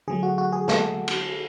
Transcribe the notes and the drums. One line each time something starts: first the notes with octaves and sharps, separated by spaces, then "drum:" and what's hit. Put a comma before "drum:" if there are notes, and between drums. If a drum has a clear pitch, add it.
D3 F#3 A3 G#4
F#4
F#4
G#4
A4, drum: snare
drum: cymbal